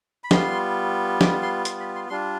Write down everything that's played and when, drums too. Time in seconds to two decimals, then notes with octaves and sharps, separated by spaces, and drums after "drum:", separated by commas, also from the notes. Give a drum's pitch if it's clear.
0.24 B5
0.31 G3 B3 F4 C6, drum: snare
1.21 D6, drum: snare
1.42 C6
1.65 C6, drum: hi-hat
1.80 B5
1.95 C6
2.10 G3 D4 F4 C6